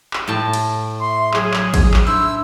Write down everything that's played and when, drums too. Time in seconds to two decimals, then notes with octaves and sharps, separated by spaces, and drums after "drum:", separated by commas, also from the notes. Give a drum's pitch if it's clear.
0.13 drum: clap
0.27 A2 G5 A5
0.53 drum: cymbal
1.00 E5 C6
1.34 F#3 G#4, drum: clap
1.54 drum: clap
1.74 drum: kick A1, cymbal
1.94 drum: clap
2.07 D4 E4 C5 E6